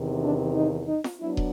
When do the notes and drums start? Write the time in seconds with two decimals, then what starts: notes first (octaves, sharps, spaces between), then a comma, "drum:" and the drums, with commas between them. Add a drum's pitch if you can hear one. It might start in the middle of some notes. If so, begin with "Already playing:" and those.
Already playing: E2 C3 D#3
0.22 D4
0.55 D#4
0.88 D#4
1.04 drum: snare
1.20 F#3 B3 D4 E4
1.37 drum: kick